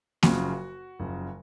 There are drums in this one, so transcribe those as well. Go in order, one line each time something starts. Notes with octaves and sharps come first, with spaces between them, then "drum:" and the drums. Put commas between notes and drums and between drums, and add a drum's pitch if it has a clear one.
F#1 F#2 C#3 F3 F#4, drum: snare A#3
F#1 F#2 C#3 F3